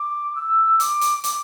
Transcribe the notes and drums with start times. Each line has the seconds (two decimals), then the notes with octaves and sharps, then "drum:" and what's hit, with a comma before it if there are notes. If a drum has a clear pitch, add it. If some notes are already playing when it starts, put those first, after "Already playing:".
Already playing: D6
0.35 E6
0.80 D6, drum: hi-hat
1.01 drum: hi-hat
1.24 D6, drum: hi-hat